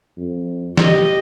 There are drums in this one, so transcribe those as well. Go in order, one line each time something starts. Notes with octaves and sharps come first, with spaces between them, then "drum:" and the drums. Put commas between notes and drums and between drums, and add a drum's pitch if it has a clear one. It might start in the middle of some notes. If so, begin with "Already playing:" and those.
F2
E1 G4 D#5, drum: snare